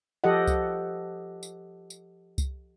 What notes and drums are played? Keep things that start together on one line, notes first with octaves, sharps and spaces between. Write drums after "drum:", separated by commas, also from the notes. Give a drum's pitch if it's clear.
F3 G4 A4 D#5 F#5
drum: kick C2, tambourine
drum: tambourine
drum: tambourine
drum: kick C2, tambourine